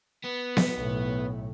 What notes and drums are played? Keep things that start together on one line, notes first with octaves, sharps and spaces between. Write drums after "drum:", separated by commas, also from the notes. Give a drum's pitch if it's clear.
B3
drum: snare B3
B1 A2